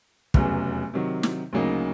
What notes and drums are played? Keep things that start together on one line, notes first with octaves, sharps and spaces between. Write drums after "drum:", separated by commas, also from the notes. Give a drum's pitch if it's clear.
F1 E2 C#3 F#3, drum: kick
C3 D#3 F#3
drum: snare
D2 C#3 F#3 A#3 D#4